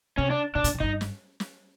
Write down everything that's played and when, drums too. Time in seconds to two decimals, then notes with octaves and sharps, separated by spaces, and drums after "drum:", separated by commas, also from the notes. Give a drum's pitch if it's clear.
0.18 C3 C#4
0.30 D4
0.55 B2 D4
0.64 A#2, drum: hi-hat
0.75 C3
0.80 G2 D#4, drum: kick
1.01 drum: snare
1.40 drum: snare